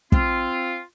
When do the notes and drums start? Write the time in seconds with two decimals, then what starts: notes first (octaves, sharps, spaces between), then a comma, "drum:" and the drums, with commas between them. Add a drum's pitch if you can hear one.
0.12 C4 F4, drum: kick